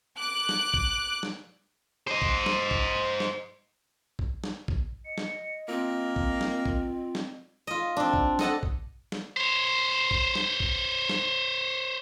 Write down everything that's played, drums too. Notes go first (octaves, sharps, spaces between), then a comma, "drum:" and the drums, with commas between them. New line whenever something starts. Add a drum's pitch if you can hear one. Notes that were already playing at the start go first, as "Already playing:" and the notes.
D6 F#6
drum: snare
drum: kick
drum: snare
C5 D#5
drum: kick
drum: snare
drum: kick
drum: snare
drum: kick
drum: snare
drum: kick
D#5 C#7
drum: snare
A#3 C4 F4
drum: kick
drum: snare
drum: kick
drum: snare
F4 D#5
C4 D4
drum: kick
A4 D#5 F#5 A5, drum: snare
drum: kick
drum: snare
C5 C#5
drum: kick
drum: snare
drum: kick
drum: snare